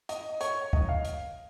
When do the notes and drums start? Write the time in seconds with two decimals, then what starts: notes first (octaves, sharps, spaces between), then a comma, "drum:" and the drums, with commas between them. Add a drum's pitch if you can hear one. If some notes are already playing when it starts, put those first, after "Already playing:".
0.09 D#5, drum: hi-hat
0.41 C#5, drum: hi-hat
0.73 D#5, drum: kick
0.89 F5
1.05 drum: hi-hat